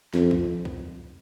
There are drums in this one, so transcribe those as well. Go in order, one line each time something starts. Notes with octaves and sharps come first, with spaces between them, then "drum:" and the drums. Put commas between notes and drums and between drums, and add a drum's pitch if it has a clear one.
F2, drum: snare
drum: kick
drum: kick